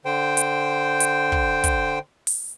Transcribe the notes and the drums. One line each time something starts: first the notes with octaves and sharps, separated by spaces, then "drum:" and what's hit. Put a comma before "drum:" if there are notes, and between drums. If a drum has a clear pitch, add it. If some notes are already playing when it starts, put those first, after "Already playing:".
D3 C5 G5
drum: hi-hat
drum: hi-hat
drum: kick
drum: kick, hi-hat
drum: open hi-hat